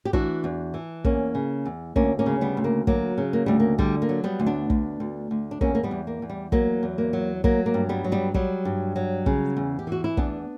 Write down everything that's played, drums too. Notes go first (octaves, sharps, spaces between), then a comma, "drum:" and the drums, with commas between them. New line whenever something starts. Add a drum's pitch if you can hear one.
G4
E3 D4 F#4, drum: kick
E2
E3
E2 A#3 C#4, drum: kick
C#3
E2
D2 A#3 C#4, drum: kick
A#3 C#4
C#3
G3 B3
D2
A#3
F#3 A#3, drum: kick
C#3
A#3
D2 G3
A#3
D3 G3, drum: kick
A#3
F#3
G3 B3
D2
B3 D4
D2, drum: kick
D2
D2
D4
E2 A#3 C#4, drum: kick
A#3
G3 B3
E2
A#3
E2
G3
F#3 A#3, drum: kick
E2
A#3
F#3
F#3 A#3, drum: kick
A#3
G2
G3 B3
F#3
G3 B3
F#3 G3, drum: kick
G2
F#3
C#3, drum: kick
E2
G4
E3 F#4
E4
E2 B3 D4, drum: kick